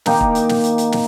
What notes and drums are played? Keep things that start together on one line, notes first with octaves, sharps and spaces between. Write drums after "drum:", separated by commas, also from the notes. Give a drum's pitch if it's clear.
D#3 A#3 D#4 G4, drum: snare
drum: kick
drum: hi-hat
drum: snare
drum: hi-hat
drum: hi-hat
drum: snare